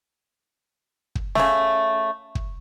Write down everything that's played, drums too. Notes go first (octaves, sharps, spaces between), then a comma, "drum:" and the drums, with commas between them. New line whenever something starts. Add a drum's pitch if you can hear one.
drum: kick
C#3 A3, drum: snare
drum: kick